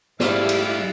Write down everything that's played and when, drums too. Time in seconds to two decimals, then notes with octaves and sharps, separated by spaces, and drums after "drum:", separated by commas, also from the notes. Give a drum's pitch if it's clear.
0.20 G#2 G3 A3 E4 G4 D5 F5, drum: snare
0.49 drum: cymbal